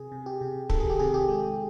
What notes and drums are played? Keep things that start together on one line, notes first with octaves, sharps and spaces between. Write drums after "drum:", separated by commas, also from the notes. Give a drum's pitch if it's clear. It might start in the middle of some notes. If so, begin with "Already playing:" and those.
Already playing: C3 G#4
C3
G4
C3
D#3 A4, drum: kick
G#4
G4
C3 G#4
G4
G#3